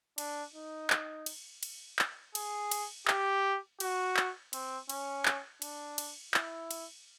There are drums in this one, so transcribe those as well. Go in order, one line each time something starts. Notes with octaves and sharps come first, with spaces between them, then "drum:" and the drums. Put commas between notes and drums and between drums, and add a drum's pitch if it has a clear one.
D4, drum: cymbal
D#4
drum: clap
drum: cymbal
drum: cymbal
drum: clap
G#4, drum: cymbal
drum: cymbal
G4, drum: clap
F#4, drum: cymbal
drum: clap
C4, drum: cymbal
C#4, drum: cymbal
drum: clap
D4, drum: cymbal
drum: cymbal
E4, drum: clap
drum: cymbal